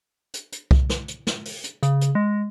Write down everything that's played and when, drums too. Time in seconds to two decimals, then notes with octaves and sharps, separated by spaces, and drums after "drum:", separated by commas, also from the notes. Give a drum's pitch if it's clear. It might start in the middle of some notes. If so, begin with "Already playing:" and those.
0.34 drum: hi-hat
0.52 drum: hi-hat
0.71 drum: kick C2
0.89 drum: snare
1.08 drum: hi-hat
1.27 drum: snare
1.45 drum: open hi-hat
1.64 drum: hi-hat
1.83 C#3, drum: hi-hat
2.01 drum: hi-hat
2.15 G#3